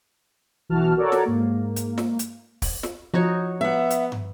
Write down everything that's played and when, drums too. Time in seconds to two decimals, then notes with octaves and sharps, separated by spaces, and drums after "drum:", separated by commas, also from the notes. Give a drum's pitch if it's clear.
0.69 B1 E3 F#4 A5 F6
0.97 F#4 A4 A#4 C#5 D5
1.12 drum: snare
1.25 G#2 A#3
1.76 drum: hi-hat
1.98 drum: snare
2.19 drum: hi-hat
2.62 drum: kick, open hi-hat
2.83 drum: snare
3.14 F3 D#4 F#4 C#5
3.61 B3 E5 F#5
3.90 drum: hi-hat
4.12 drum: tom